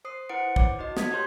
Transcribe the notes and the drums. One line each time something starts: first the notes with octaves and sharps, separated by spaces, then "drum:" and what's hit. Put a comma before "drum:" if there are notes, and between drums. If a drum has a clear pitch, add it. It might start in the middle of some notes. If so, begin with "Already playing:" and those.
C5 D#6 C7
E4 B4 C5 F#5 C#7 D7
C#5 D6, drum: kick
D#4 F#4 D#5
D#6 G#6 B6, drum: snare
G4 B4 C#5 C6 G6